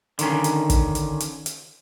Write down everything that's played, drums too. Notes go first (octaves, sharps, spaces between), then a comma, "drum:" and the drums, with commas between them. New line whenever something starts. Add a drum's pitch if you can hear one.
D3 D#3 C#4, drum: hi-hat
drum: hi-hat
drum: kick, hi-hat
drum: hi-hat
drum: hi-hat
drum: hi-hat